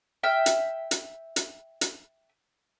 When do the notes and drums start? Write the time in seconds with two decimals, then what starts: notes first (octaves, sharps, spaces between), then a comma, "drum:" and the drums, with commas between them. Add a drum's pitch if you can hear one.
0.23 E5 G5 F6
0.46 drum: hi-hat
0.91 drum: hi-hat
1.36 drum: hi-hat
1.81 drum: hi-hat